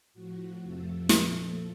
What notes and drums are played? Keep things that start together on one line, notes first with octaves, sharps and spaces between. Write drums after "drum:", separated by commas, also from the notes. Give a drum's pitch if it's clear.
A2 F3 F#4
F2 C3 F3 A3 A4
A#2 F3, drum: snare